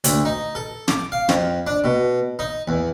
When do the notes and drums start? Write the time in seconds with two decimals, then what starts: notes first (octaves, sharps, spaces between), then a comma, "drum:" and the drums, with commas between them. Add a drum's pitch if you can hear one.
0.04 D2, drum: hi-hat
0.25 D#4
0.55 A4
0.88 D6, drum: snare
1.12 F5
1.29 F2, drum: snare
1.67 D4
1.84 B2
2.39 D#4
2.68 E2